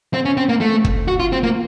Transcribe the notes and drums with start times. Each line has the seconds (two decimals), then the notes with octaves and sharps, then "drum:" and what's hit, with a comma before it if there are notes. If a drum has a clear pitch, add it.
0.14 C4
0.25 C#4
0.37 C4
0.49 A#3
0.61 A3
0.84 drum: kick
1.08 F#4
1.20 F4
1.32 C4
1.43 A#3